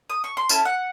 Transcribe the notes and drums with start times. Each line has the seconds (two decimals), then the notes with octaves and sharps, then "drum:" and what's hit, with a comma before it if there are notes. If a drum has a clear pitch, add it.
0.10 D#6
0.24 C#6
0.37 C6
0.49 C#4 E4 A4 A5, drum: tambourine
0.65 F#5